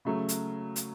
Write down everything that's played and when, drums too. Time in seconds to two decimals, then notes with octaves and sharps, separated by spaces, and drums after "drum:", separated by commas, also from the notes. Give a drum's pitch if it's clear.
0.05 C#3 F#3 A3
0.29 drum: hi-hat
0.76 drum: hi-hat